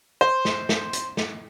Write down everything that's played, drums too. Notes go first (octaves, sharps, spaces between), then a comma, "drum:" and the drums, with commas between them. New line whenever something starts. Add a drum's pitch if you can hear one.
C5
drum: snare
drum: snare
drum: hi-hat
drum: snare